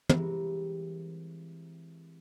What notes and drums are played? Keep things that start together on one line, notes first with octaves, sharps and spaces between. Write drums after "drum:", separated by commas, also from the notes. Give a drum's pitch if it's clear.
E3 G3 G#3 C4 A#4, drum: tom